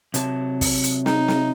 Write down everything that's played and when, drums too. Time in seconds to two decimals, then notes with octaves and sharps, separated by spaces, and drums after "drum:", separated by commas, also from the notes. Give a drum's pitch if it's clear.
0.14 C3 F#3 A5, drum: hi-hat
0.61 drum: kick, open hi-hat
0.84 drum: hi-hat
1.06 D#4, drum: snare
1.28 drum: snare